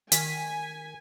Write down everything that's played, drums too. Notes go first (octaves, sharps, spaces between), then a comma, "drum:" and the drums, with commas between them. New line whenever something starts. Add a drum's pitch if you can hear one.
D#3 G#5 B6, drum: hi-hat